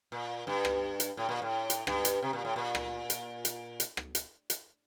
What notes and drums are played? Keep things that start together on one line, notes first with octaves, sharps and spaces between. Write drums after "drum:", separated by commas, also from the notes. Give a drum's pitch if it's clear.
A#2
G2
drum: rim click
drum: hi-hat
A2
A#2
A2
drum: hi-hat
G2, drum: rim click
drum: hi-hat
C3
A#2
A2
A#2
drum: rim click
drum: hi-hat
drum: hi-hat
drum: hi-hat
drum: rim click
drum: hi-hat
drum: hi-hat